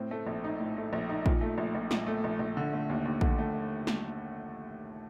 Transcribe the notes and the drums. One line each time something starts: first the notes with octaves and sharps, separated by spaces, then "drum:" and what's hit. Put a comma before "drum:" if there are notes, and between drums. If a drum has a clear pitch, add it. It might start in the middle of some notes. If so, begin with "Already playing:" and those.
Already playing: A2 C4
A3
A#1
D#4
A2
A3
A#1
D#4
A#2, drum: kick
A3
A#1
A#1
A#2, drum: snare
A3
A#1
A#1
D3
A3
D#2
D#2
D3, drum: kick
A3
drum: snare